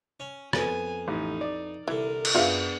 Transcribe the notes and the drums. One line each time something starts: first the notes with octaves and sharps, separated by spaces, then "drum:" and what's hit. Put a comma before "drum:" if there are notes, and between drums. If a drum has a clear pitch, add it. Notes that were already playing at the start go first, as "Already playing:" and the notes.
C#4
F2 B3 G#5, drum: rim click
A1 D#4
D5
C2 D3 E3 A#4
drum: cymbal
F#2 B3 D4 F4 G#4 E5 F5